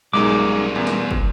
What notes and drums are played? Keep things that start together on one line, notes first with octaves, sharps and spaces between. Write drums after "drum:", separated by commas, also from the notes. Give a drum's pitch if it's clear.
B1 G3 G#3 D#4 A#4 D6
E2
drum: snare
drum: kick